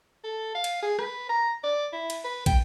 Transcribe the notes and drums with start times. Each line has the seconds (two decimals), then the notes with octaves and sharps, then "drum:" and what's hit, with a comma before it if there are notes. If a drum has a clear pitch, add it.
0.24 A4
0.55 F5
0.64 drum: cymbal
0.82 G#4
0.99 B4, drum: rim click
1.29 A#5
1.64 D5
1.93 E4
2.10 drum: cymbal
2.24 B4
2.46 G5, drum: kick, cymbal